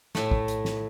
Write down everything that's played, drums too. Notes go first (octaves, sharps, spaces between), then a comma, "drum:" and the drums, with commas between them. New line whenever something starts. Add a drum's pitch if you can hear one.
A2 A3, drum: snare
drum: kick
drum: hi-hat
drum: snare